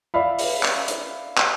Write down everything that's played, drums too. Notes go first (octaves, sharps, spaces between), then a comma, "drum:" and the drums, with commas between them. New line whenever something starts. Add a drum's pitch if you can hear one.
D5 E5 F5 B5
drum: open hi-hat
drum: clap
drum: hi-hat
drum: clap